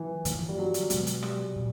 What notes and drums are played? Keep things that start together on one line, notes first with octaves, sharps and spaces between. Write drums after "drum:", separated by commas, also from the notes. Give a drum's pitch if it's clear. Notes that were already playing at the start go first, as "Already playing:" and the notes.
Already playing: E3
G2 D3 F3 A#3, drum: hi-hat
G3
F#3
drum: hi-hat
B2 G#3 B3, drum: hi-hat
drum: hi-hat
G3, drum: rim click
A#2